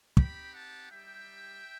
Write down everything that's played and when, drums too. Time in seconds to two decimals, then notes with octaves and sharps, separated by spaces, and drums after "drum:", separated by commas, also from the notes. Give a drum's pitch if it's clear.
0.17 C4 D#4 G4 G5 B5, drum: kick
0.54 F#5 A5
0.91 G3 D#4 G4 E5 G5